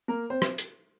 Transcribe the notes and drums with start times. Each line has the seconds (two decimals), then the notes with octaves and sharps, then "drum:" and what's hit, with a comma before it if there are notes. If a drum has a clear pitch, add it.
0.08 A#3 A#4
0.30 C4 C5
0.42 drum: rim click
0.58 drum: hi-hat